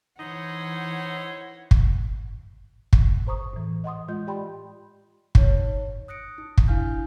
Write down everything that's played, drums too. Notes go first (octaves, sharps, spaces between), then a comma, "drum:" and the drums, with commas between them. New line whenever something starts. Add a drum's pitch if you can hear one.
E3 D#4 E4 C5 C#5 F#5
drum: kick
drum: kick
G#2 C5 A#5 C#6 D#6
A2 E3
D#5 F#5 C6 D#6
G#3 F4 D#5 G6
G4 D5 G5 B5 C6
D#4 C#5, drum: kick
D#6 F#6 A#6 C#7 D7
D#4
drum: kick
D4 E4 F5 G#5 F6 G6